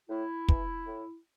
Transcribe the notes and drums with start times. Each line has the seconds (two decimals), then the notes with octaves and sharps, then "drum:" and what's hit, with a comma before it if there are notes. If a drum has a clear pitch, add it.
0.09 A2 E4
0.48 E3, drum: kick
0.87 A2